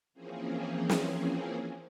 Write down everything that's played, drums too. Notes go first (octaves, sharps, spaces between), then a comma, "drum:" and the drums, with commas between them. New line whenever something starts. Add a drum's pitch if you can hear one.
E3 F3 A#3 C4 C#4 G#4
drum: snare